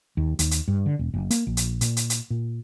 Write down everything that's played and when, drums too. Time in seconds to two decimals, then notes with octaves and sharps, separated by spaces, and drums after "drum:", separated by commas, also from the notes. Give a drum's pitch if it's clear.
0.17 D#2
0.39 D#2, drum: hi-hat
0.51 drum: hi-hat
0.68 G2
0.86 D3
0.99 E1
1.13 F#1
1.31 A#3, drum: hi-hat
1.47 A#1
1.57 drum: hi-hat
1.81 A#2, drum: hi-hat
1.97 drum: hi-hat
2.10 drum: hi-hat
2.30 A#2